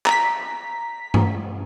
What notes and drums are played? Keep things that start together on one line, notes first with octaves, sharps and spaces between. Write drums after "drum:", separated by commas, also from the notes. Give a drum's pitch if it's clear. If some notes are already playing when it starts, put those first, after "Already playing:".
A#5 B6, drum: clap
drum: tom G2